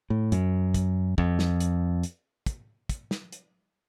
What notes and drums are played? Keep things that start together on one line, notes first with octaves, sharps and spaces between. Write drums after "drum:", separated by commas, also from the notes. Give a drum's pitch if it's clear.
A2
F#2, drum: hi-hat
drum: kick, hi-hat
F2, drum: kick
drum: snare
drum: hi-hat
drum: hi-hat
drum: kick, hi-hat
drum: kick, hi-hat
drum: snare
drum: hi-hat